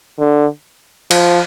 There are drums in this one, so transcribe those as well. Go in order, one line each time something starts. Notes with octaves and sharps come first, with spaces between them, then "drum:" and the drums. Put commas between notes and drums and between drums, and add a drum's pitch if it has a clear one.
D3
F3, drum: cymbal